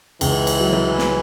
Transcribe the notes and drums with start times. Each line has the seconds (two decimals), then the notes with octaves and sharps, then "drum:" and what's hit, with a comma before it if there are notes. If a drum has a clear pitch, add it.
0.21 C#2 E3, drum: cymbal
0.47 drum: cymbal
0.60 F#3
0.73 drum: tom
0.98 drum: snare